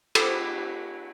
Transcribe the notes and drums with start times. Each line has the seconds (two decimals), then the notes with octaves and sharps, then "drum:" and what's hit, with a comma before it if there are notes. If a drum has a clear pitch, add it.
0.15 G4 A4 C5 B5 D6, drum: cymbal